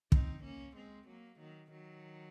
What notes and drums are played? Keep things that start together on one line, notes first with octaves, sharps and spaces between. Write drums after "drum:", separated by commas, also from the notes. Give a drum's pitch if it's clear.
C4 D#4, drum: kick
A#3 C#4
G#3 C4
F#3 A#3
D#3 F#3
D#3 F#3